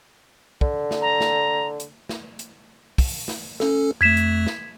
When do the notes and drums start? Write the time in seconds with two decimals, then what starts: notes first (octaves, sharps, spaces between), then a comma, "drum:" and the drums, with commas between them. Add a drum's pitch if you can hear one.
0.61 D3, drum: kick
0.91 drum: snare
1.02 A#5
1.21 drum: snare
1.80 drum: hi-hat
2.09 drum: snare
2.39 drum: hi-hat
2.98 drum: kick, open hi-hat
3.28 drum: snare
3.60 C#4 A4, drum: snare
4.01 F2 A3 G#6 B6 E7
4.17 drum: hi-hat
4.47 drum: snare